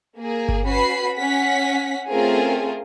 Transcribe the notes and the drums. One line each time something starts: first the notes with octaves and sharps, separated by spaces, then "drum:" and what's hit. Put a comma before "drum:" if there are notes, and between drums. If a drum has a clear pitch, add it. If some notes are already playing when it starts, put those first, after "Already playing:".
A#3 G#4
drum: kick G1
C#4 F#4 B4 B5 C7
C#4 F#5 B6
A3 C4 C#4 F4 G#4 A#4